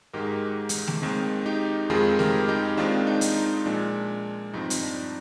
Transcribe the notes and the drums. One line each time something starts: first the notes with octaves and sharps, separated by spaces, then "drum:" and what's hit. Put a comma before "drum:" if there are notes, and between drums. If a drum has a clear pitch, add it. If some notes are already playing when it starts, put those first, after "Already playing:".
G#2 D#3 G#3 G4 A#4
drum: hi-hat
drum: snare A3
D#2 D#3 G#3 C4
D#4 G4
F2 D#3 G#3 C4 F4 G#4
G4 A#4, drum: snare A3
D#4 G4
D#2 D#3 G#3 C4 D4 F4
D#4
drum: hi-hat
D#4
A#2 F3 G#3 D4
G2 F3 C4 D#4
drum: hi-hat
D4